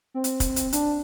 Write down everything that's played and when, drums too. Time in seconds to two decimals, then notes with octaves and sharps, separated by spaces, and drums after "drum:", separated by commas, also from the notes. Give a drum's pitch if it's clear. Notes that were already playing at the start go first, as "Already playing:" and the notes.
0.14 C4
0.24 drum: hi-hat
0.40 drum: kick, hi-hat
0.56 drum: hi-hat
0.73 D4, drum: hi-hat